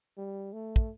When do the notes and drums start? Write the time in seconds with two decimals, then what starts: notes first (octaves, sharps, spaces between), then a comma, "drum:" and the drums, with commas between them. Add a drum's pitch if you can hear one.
0.18 G3
0.53 A3
0.76 drum: kick